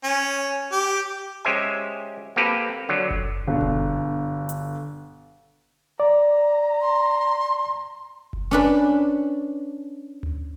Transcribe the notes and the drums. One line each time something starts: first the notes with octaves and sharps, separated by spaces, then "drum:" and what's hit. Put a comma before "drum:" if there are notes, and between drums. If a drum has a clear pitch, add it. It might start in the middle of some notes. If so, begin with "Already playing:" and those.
C#4
G4
G#3 C#4 G4 C5 E5 G#5
A#3 C4 G4 A4 B4
D3 F#3
drum: kick F#1
G1 B2 D3
drum: kick F#1
drum: hi-hat
D5 A#5
C6
drum: kick F#1
C#4 D4 B4
drum: tom D2